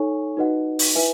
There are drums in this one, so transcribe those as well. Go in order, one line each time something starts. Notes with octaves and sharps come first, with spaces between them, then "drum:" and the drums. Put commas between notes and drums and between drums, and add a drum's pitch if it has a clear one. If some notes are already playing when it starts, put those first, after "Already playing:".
Already playing: D#4 A4 C#5 G#5 C#6
D#4 F#4 B4 D#5 F#5
drum: open hi-hat
E4 B4 E5 G#5